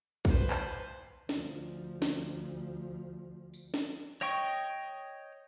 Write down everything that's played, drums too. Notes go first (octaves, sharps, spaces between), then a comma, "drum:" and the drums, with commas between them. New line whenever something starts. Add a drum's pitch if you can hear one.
B4 C5, drum: kick A#1
drum: clap
D2 F3, drum: snare
drum: snare
drum: tambourine
drum: snare
C#5 D#5 G5 C#6